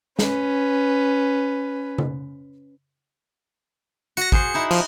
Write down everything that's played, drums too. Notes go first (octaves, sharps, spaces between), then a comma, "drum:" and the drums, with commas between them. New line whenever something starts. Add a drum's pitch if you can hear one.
C#4 B4, drum: snare
drum: tom C#3
F#4 A#6 C#7, drum: hi-hat
G#4 C5 C#7, drum: kick
D#4 E4 F#5
F3, drum: cymbal